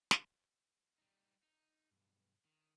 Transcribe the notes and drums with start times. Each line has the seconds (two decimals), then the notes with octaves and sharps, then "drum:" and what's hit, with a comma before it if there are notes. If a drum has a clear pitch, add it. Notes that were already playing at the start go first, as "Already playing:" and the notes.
0.11 drum: snare
0.98 G3 D#4
1.43 D#4
1.91 B1 G2
2.45 D#3